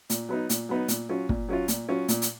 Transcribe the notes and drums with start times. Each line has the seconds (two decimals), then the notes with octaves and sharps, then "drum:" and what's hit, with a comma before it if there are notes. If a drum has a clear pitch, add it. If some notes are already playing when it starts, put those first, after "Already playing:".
0.10 A#2, drum: hi-hat
0.29 F#3 B3 D#4
0.49 A#2, drum: hi-hat
0.69 F#3 B3 D#4
0.88 A#2, drum: hi-hat
1.09 F#3 C#4 F4
1.29 A#2, drum: kick
1.49 F#3 C#4 F4
1.68 A#2, drum: hi-hat
1.89 F#3 C#4 F4
2.08 A#2, drum: hi-hat
2.22 drum: hi-hat